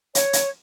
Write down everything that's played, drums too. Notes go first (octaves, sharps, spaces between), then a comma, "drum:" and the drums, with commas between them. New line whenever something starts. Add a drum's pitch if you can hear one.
C#5, drum: hi-hat
drum: hi-hat